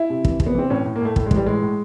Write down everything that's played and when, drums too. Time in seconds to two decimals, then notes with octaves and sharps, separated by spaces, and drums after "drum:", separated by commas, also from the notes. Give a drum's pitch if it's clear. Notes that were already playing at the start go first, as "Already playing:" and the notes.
Already playing: E4
0.10 C3
0.25 E3, drum: kick
0.40 C3, drum: kick
0.46 B3
0.55 E3 C4
0.70 A2 C#4
0.85 A2
0.96 A#3
1.01 A2 A3
1.16 A2 A3, drum: kick
1.26 G#3
1.31 E3, drum: kick
1.36 G3
1.46 A2 G#3
1.62 A2